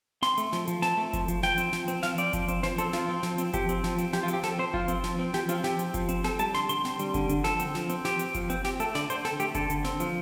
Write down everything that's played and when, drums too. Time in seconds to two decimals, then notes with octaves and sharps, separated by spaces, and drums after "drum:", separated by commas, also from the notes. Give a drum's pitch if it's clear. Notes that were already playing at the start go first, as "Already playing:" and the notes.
0.22 C4 C6, drum: snare
0.38 A3, drum: hi-hat
0.53 F3, drum: snare
0.67 F3, drum: hi-hat
0.82 C4 A5, drum: snare
0.97 A3
1.13 F3, drum: kick F#1, hi-hat
1.28 F3, drum: hi-hat
1.43 F3 G5, drum: snare
1.58 C4, drum: hi-hat
1.73 F3, drum: snare
1.88 C4, drum: hi-hat
2.03 F3 F5, drum: snare
2.18 C4 D5, drum: hi-hat
2.33 F3, drum: kick F#1, hi-hat
2.48 C4, drum: hi-hat
2.63 F3 C5, drum: snare
2.78 C4 A4, drum: hi-hat
2.93 F3 F4, drum: snare
3.09 C4
3.23 F3, drum: snare
3.38 C4, drum: hi-hat
3.53 F3 G4, drum: kick F#1, hi-hat
3.69 C4, drum: hi-hat
3.84 F3, drum: snare
3.98 C4, drum: hi-hat
4.13 F3 G4, drum: snare
4.23 F4
4.28 C4, drum: hi-hat
4.33 G4
4.43 F3 A4, drum: snare
4.59 C4 C5
4.73 F3 F4, drum: kick F#1
4.88 C4, drum: hi-hat
5.04 F3, drum: snare
5.19 C4
5.34 F3 G4, drum: snare
5.49 C4 F4, drum: hi-hat
5.64 F3 G4, drum: snare
5.79 C4, drum: hi-hat
5.94 F3, drum: kick F#1, hi-hat
6.09 C4, drum: hi-hat
6.24 C4 A4, drum: snare
6.39 G3 A5, drum: hi-hat
6.54 D3 C6, drum: snare
6.69 D3 C6, drum: hi-hat
6.85 C4, drum: snare
6.99 G3, drum: hi-hat
7.14 D3, drum: kick F#1, hi-hat
7.29 D3, drum: hi-hat
7.44 F3 A4, drum: snare
7.59 C4, drum: hi-hat
7.75 F3, drum: snare
7.89 C4, drum: hi-hat
8.05 F3 G4, drum: snare
8.19 C4, drum: hi-hat
8.34 F3, drum: kick F#1, hi-hat
8.50 C4, drum: hi-hat
8.64 C4 G4, drum: snare
8.80 A3 A4, drum: hi-hat
8.95 D3 D5, drum: snare
9.10 D3 C5, drum: hi-hat
9.25 C4 A4, drum: snare
9.40 A3 G4, drum: hi-hat
9.55 D3 A4, drum: kick F#1, hi-hat
9.70 D3, drum: hi-hat
9.84 C4, drum: snare
10.00 F3, drum: hi-hat